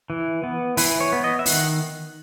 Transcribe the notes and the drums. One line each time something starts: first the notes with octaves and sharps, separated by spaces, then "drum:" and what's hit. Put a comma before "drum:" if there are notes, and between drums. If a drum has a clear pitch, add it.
E3
B3
E3 B4, drum: open hi-hat
C#5
B3
D#5
E5
D#3 F#5, drum: open hi-hat